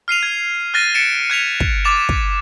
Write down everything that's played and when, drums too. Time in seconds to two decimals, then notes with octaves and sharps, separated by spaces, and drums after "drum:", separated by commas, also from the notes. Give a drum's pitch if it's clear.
0.08 F6 C7 D#7 F7
0.23 G#6
0.74 F6 F#6 A6 A#6 D#7
0.94 A6 B6 C#7 D7 E7
1.30 F#6 G#6 B6 F7
1.60 drum: kick
1.85 D6 A6 E7 F7
2.09 drum: kick